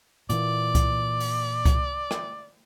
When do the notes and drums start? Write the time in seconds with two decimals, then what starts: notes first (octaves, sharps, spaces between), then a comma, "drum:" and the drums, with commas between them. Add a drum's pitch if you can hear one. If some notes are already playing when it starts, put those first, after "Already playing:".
0.29 A#2 E3 A#3 D5, drum: hi-hat
0.75 drum: kick C2, hi-hat
1.20 drum: open hi-hat
1.65 drum: kick C2, hi-hat
2.11 drum: rim click